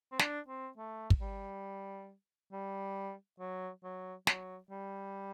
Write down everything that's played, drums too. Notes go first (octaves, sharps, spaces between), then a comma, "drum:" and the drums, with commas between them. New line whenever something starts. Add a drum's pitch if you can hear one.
C4
D4, drum: snare
C4
A3
drum: kick
G3
G3
F#3
F#3
F#3, drum: snare
G3